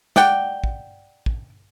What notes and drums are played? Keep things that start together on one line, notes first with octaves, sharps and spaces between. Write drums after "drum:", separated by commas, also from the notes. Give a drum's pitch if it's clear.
D5 F#5 G5, drum: snare
drum: kick
drum: kick